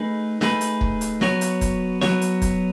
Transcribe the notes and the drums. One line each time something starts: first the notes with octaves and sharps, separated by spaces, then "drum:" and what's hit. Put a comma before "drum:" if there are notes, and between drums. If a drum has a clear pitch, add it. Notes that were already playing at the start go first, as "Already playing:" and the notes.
Already playing: A3 D#4 G#4 B4
A3 D#4 G#4 B4, drum: snare
drum: hi-hat
drum: kick
drum: hi-hat
F#3 B3 F#4 C#5, drum: snare
drum: hi-hat
drum: kick, hi-hat
F#3 B3 F#4 C#5, drum: snare
drum: hi-hat
drum: kick, hi-hat